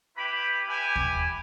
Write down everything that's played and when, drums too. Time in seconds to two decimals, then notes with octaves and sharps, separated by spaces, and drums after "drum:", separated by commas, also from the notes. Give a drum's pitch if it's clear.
0.18 E4 G4 B4 B5
0.68 E4 G4 B4 G#5
0.96 drum: kick D#2